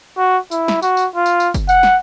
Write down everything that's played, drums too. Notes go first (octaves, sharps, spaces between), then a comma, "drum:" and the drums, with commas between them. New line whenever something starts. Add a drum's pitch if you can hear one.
F#4
E4, drum: tambourine
drum: snare
F#4, drum: tambourine
drum: tambourine
F4
drum: tambourine
drum: tambourine
drum: kick, tambourine
F#5, drum: tambourine
drum: snare